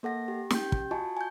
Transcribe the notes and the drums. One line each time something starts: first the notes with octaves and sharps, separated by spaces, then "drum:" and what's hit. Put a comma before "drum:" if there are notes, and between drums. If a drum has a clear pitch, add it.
A#3 A4 F#5 A#6
G4
C#4 G4 G5 G6, drum: snare
drum: kick
F4 F#4 D#5 G#5 A5 C#6
G#5 G6